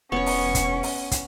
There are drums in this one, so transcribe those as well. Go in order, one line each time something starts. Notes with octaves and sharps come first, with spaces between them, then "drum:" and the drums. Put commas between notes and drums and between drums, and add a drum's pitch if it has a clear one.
E1 B3 C#4 C#5 C#6
drum: open hi-hat
drum: kick, hi-hat
drum: open hi-hat
drum: kick, hi-hat